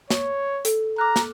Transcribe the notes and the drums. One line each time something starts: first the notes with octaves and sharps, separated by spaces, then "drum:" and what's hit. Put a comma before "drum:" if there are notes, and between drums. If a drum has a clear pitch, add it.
C#5, drum: snare
A4, drum: hi-hat
A#5 D6 F6 F#6
drum: snare